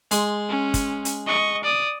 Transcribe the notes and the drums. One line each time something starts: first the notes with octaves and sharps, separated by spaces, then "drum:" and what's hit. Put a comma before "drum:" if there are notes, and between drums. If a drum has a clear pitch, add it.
G#3 C6, drum: hi-hat
C#4
drum: kick, hi-hat
drum: hi-hat
D#5 C#6
D5 D#6